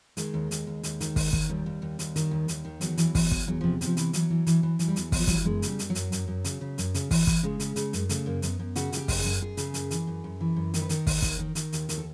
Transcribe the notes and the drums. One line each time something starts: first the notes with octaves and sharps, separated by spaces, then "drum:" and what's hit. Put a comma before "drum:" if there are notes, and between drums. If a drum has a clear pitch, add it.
D#3 G#3, drum: hi-hat
D#2
D#2, drum: hi-hat
D#2
D#2, drum: hi-hat
D#3, drum: hi-hat
D#2, drum: kick, open hi-hat
D#3, drum: kick
D#2 G3
D#2
D#2
D#2, drum: hi-hat
D#3, drum: hi-hat
D#2
D#2, drum: hi-hat
D#3
E2 F#3, drum: hi-hat
E3, drum: hi-hat
E3, drum: kick, open hi-hat
E2, drum: kick
E2 F#3
C3 F3
C3, drum: hi-hat
F3
E3, drum: hi-hat
E3 F#3, drum: hi-hat
E3
E3, drum: hi-hat
E3
E3 F#3, drum: hi-hat
G3
E2 F#3, drum: hi-hat
E2, drum: kick, open hi-hat
F3
E3 F#3, drum: kick, hi-hat
G3
F#2 G#3
C#3, drum: hi-hat
G3
F#2, drum: hi-hat
F#3
F#2, drum: hi-hat
F#2, drum: hi-hat
F#2
C#3, drum: hi-hat
C#3
F#2, drum: hi-hat
C#3, drum: hi-hat
E3, drum: kick, open hi-hat
E3, drum: kick, hi-hat
C#3 G#3
C#3, drum: hi-hat
C#3, drum: hi-hat
F#2, drum: hi-hat
C#3 A3, drum: hi-hat
F#2 A#3
F#2 B3, drum: hi-hat
F#2
C#3 F#4, drum: hi-hat
C#3 G4, drum: hi-hat
F#2, drum: kick, open hi-hat
F#2 G#4
F#2 G#4
C#3, drum: hi-hat
F#2, drum: hi-hat
E3, drum: hi-hat
F#2
F#2
E3
F#2
D#3 A#4, drum: hi-hat
B4
D#3 A#4, drum: hi-hat
D#2, drum: kick, open hi-hat
D#3, drum: kick, hi-hat
D#3
D#3, drum: hi-hat
D#2, drum: hi-hat
D#3, drum: hi-hat
A4